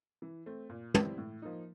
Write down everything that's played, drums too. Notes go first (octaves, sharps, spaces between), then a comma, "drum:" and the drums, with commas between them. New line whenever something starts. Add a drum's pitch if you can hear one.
E3
A3 C4
A#2
G3 C4 E4, drum: tom
A2
F3 A#3 D#4